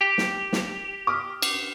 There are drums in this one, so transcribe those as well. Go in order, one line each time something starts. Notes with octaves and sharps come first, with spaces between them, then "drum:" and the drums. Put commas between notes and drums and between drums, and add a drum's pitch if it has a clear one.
G4
drum: snare
drum: snare
D6 D#6 F6
drum: cymbal